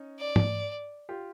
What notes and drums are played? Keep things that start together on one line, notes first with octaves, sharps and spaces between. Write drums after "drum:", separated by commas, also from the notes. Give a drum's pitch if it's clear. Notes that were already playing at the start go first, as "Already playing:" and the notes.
Already playing: C#4 D#4
D5
drum: tom G#2
F4 G4